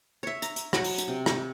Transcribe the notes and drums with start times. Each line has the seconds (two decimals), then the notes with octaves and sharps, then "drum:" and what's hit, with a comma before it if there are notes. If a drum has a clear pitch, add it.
0.23 C#5 E5
0.42 A#5, drum: hi-hat
0.56 drum: hi-hat
0.73 F#3 F#5, drum: rim click
0.84 drum: open hi-hat
0.98 drum: hi-hat
1.08 C3
1.26 drum: rim click